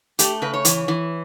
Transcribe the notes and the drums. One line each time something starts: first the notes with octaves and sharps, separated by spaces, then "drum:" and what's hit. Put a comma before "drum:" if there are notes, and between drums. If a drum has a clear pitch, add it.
A3 G4, drum: hi-hat
C#3 B4
C#5
E3, drum: hi-hat
E3